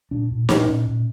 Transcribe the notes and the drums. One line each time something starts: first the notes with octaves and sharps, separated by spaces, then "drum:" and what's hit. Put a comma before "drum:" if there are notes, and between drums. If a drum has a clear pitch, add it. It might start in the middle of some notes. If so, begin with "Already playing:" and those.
A#2 D4
A#2
A#2 D4, drum: snare
A#2 C#4
A#2